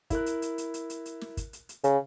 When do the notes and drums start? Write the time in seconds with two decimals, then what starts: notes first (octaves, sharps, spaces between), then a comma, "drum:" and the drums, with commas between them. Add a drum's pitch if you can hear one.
0.10 E4 A#4 F#6, drum: kick, hi-hat
0.26 drum: hi-hat
0.42 drum: hi-hat
0.58 drum: hi-hat
0.74 drum: hi-hat
0.90 drum: hi-hat
1.06 drum: hi-hat
1.21 drum: snare
1.37 drum: kick, hi-hat
1.53 drum: hi-hat
1.69 drum: hi-hat
1.84 C#3, drum: hi-hat